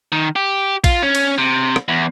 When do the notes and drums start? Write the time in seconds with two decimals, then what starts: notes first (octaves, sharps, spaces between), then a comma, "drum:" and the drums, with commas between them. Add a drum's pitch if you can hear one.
0.12 D#3
0.36 G4
0.84 F4, drum: kick A#1, cymbal
1.03 C#4
1.15 drum: cymbal
1.38 C3
1.76 drum: rim click
1.88 E2